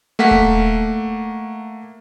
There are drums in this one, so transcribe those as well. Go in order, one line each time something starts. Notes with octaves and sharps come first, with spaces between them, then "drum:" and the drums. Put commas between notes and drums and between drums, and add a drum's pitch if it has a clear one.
A3 A#3 F#5 B6
drum: kick D#1